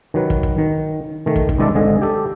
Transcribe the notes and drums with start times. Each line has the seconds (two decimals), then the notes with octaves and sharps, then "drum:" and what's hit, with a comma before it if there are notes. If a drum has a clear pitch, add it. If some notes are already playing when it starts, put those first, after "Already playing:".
0.14 D#3 F#3 B4
0.30 drum: kick
0.43 drum: kick
0.58 D#3
1.26 D#3 A3
1.36 drum: kick
1.49 drum: kick
1.58 C#2 D#3 G#3 D5 E5 A5
1.74 G#1 G#2 D3 G#4 D#5
2.02 G4 A4